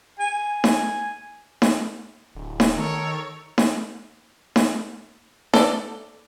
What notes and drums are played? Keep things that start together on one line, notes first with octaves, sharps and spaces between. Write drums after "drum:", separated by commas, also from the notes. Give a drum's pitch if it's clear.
G#5
drum: snare D#4
drum: snare D#4
D1
drum: snare D#4
D#3 A4 A#4 C#5
drum: snare D#4
drum: snare D#4
A4 D5, drum: snare D#4